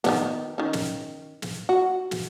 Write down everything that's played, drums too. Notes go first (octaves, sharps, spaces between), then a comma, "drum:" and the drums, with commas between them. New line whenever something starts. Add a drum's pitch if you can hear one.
D#3 A#3 B3, drum: snare
D#3 C#4
drum: snare
drum: snare
F#4
drum: snare